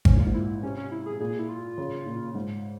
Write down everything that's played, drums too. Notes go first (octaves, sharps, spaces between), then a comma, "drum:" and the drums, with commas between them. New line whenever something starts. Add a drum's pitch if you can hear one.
G#2 C#4, drum: kick G#1
A#2 F4
G#2
E4
C3 C#4
C#4
E4
C3 G#4
A#2 G#4
E4
F4
C#3
A#2
G#2